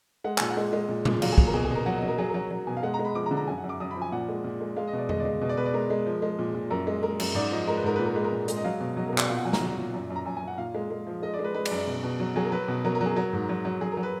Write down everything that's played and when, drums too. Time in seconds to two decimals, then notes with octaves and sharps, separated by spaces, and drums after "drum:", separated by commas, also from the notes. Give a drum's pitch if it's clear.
0.24 G#3 F#5
0.38 A#2 G#5, drum: clap
0.51 F#5
0.57 G#3
0.73 G#3
0.89 A#2
1.05 A#2, drum: tom A#2
1.22 F#3 F5, drum: cymbal
1.32 G#4
1.38 A#2, drum: kick
1.47 A#4
1.54 B2 G#4
1.65 G#4
1.70 B2 A#4
1.86 F#3 F#5
1.97 D#5
2.02 F#3
2.08 A#4
2.18 F#3 G#4
2.29 A#4
2.34 F#3
2.51 F#3
2.67 B2 G#5
2.77 F5
2.83 G#3 F#5
2.94 A#5
2.99 G#3
3.05 B5
3.15 F3 D6
3.26 A#5
3.31 D3
3.37 A#5
3.47 F#2 G#5
3.58 F#5
3.64 F#2
3.69 D6
3.80 F#2 D#6
3.91 B5
3.96 F3
4.02 G#5
4.12 A#2 F#5
4.29 G#3
4.44 A#2
4.60 G#3
4.76 G#3 F5
4.88 D#5
4.93 B2
4.98 D5
5.09 G#3 D#5, drum: tom F2
5.20 D5
5.25 G#3
5.41 B2 D#5
5.49 D5
5.57 B2 B4
5.66 D5
5.74 G#3 A#4
5.90 G#3
6.06 F3
6.22 G#3
6.39 A#2
6.55 A#2
6.70 F#2 A#4
6.87 G#3
7.03 G#3 A#4
7.20 F#2, drum: cymbal
7.35 G#2 D5
7.51 F3 D#5
7.67 G#3 A#4
7.77 B4
7.84 G#2 A#4
7.96 A#2 B4
8.06 A#4
8.15 G#3 B4
8.24 A#4
8.32 A#2
8.48 G#3, drum: hi-hat
8.56 D#5
8.64 F#3 F5
8.80 B2
8.97 F#3 D#5
9.08 B2 A#4
9.18 D5, drum: clap
9.29 A#2 F5
9.37 F#5
9.45 F#3 G#5
9.53 A#5, drum: snare
9.61 F#3
9.77 A#2
9.94 F#2
10.10 F#2
10.16 A#5
10.25 F#2 G#5
10.37 G#5
10.42 F#2
10.48 F#5
10.58 A#2 F5
10.74 G#3
10.90 G#3
11.07 F3
11.22 G#3 D#5
11.34 D5
11.39 G#3
11.44 B4
11.54 G#3 B4
11.65 D5, drum: cymbal
11.71 F#2
11.77 D5
11.87 B2
12.03 B2
12.20 F#3
12.36 F#3 G#4
12.44 A#4
12.52 F#3 B4
12.68 B2
12.85 F#3 A#4
12.95 A#4
13.01 F#3
13.06 G#4
13.16 F#3 A#4
13.33 G#2
13.49 F#3
13.65 F#3
13.81 F#3 G#4
13.92 A#4
13.97 F#3
14.03 B4